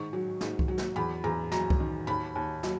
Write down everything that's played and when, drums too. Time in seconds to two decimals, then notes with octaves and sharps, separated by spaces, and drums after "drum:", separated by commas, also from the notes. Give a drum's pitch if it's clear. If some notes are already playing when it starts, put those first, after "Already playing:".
Already playing: G#2 D#3 C#6
0.13 F#3
0.41 G#2, drum: snare
0.59 drum: kick C2
0.68 F#3
0.78 drum: snare
0.96 E2 B5
1.24 E2 A#5
1.52 F#3 A#5, drum: snare
1.70 drum: kick C2
1.80 D#3
2.07 D#2 B5
2.35 D#2
2.63 F#3, drum: snare